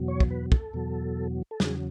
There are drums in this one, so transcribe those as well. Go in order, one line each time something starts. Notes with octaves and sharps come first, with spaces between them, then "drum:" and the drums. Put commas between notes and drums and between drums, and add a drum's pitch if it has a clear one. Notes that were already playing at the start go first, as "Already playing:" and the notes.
Already playing: E2 B2 F#3
C#5
drum: kick
B4
A4, drum: kick
E2 B2 F#3
A4
E2 C#3 F#3 G#4, drum: snare